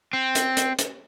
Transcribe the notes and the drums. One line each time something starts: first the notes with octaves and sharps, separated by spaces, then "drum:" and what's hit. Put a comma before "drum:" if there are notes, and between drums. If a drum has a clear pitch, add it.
C4
drum: hi-hat
drum: hi-hat
drum: hi-hat